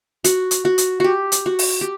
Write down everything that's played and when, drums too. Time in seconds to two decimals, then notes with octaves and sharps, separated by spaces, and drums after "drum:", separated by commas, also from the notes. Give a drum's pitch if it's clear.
0.24 F#4, drum: hi-hat
0.51 drum: hi-hat
0.65 F#4
0.78 drum: hi-hat
1.00 F#4 G4
1.32 drum: hi-hat
1.46 F#4
1.59 drum: open hi-hat
1.81 G4